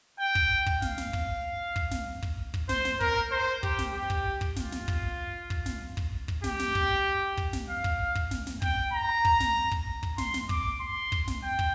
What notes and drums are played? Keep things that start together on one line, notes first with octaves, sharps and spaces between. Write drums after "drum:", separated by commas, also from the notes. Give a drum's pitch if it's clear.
G5
drum: kick
drum: kick
F5, drum: snare
drum: snare
drum: kick
drum: kick
drum: snare
drum: kick
drum: kick
C5, drum: snare
drum: snare
A#4, drum: kick
C5
G4, drum: kick
drum: snare
G4
drum: kick
drum: kick
F4, drum: snare
drum: snare
drum: kick
drum: kick
drum: snare
drum: kick
drum: kick
G4, drum: snare
drum: snare
drum: kick
drum: kick
drum: snare
F5
drum: kick
drum: kick
drum: snare
drum: snare
G5, drum: kick
A#5
drum: kick
drum: snare
drum: kick
drum: kick
C6, drum: snare
drum: snare
D6, drum: kick
C6
drum: kick
drum: snare
G5
drum: kick